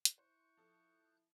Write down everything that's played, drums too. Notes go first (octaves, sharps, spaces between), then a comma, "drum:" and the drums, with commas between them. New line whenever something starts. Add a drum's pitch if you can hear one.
drum: hi-hat
E4 C5 C#6 F#6 G6
F3 A4